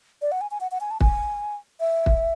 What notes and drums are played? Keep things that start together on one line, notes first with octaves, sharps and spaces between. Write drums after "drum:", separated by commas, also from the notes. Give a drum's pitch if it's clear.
D5
F#5
G#5
G#5
F#5
F#5
G#5
A5
G#5, drum: kick
E5
drum: kick